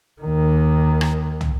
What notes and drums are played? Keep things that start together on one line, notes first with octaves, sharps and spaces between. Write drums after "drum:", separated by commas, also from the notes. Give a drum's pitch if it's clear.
D#2 D#3
drum: rim click
drum: tom